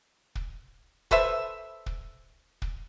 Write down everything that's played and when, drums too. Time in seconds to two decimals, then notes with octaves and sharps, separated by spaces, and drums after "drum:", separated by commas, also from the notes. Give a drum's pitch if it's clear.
0.35 drum: kick
1.11 A4 B4 C5 E5, drum: kick
1.86 drum: kick
2.62 drum: kick